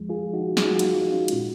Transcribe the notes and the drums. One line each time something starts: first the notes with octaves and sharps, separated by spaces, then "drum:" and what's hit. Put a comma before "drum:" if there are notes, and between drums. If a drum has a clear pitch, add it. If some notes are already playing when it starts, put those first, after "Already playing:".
Already playing: F2 F3 G#3
F4 G#4
D#4 F#4
G#4, drum: snare
F#4
F4
D#4 F#4, drum: cymbal
F4
D#4
C#4 F4
A#2 G#3, drum: cymbal